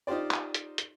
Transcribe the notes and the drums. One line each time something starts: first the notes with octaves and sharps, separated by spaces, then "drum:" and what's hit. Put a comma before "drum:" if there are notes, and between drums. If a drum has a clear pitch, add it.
D#4 F4 G4 C5 D5
drum: clap
drum: hi-hat
drum: hi-hat